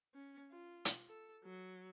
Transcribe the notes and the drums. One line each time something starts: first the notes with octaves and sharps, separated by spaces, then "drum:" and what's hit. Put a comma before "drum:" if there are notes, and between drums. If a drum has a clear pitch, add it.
C#4
F4
drum: hi-hat
A4
F#3